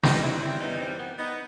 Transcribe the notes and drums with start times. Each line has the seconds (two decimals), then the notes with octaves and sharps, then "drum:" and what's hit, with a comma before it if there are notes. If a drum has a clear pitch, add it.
0.03 F#2 E3 G3 B3 D#4, drum: snare
0.23 C4 E4
0.42 C4 E4
0.60 B3 D#4
0.80 C4
0.99 B3
1.18 B3 D#4